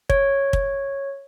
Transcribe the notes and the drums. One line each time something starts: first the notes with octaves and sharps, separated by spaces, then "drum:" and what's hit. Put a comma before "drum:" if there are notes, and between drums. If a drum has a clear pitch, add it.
C#5, drum: kick
drum: kick